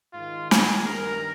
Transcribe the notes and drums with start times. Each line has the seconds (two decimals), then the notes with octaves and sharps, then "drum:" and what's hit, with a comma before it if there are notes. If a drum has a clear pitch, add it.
0.14 G#2 D#3 F4
0.51 G#4, drum: snare
0.86 G2 D#3 A#4